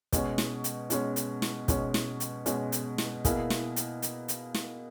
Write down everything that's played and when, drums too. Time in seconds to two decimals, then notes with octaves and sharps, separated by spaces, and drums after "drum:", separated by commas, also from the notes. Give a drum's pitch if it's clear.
0.13 B2 G#3 C#4, drum: kick, hi-hat
0.38 drum: snare
0.64 drum: hi-hat
0.90 B2 G#3 C#4, drum: hi-hat
1.16 drum: hi-hat
1.42 drum: snare
1.68 B2 G#3 C#4, drum: kick, hi-hat
1.94 drum: snare
2.20 drum: hi-hat
2.46 B2 G#3 C#4, drum: hi-hat
2.72 drum: hi-hat
2.98 drum: snare
3.25 B2 A#3 E4 G#4, drum: kick, hi-hat
3.50 drum: snare
3.76 drum: hi-hat
4.02 drum: hi-hat
4.28 drum: hi-hat
4.54 drum: snare